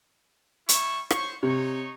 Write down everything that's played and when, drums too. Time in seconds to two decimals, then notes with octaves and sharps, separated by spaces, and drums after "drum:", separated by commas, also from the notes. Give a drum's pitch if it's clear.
0.69 G3 E4 C#6, drum: hi-hat
1.10 C5 C#5 C#6, drum: rim click
1.43 C3 D#4 C#5 C#6